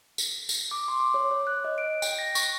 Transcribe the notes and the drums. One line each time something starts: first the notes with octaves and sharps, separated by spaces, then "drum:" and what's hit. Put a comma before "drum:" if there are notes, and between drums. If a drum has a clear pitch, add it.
drum: tambourine
drum: tambourine
D6
C6
D6
C#5
C#5
F#6
D#5
D7
G5, drum: tambourine
A#6
C#6, drum: tambourine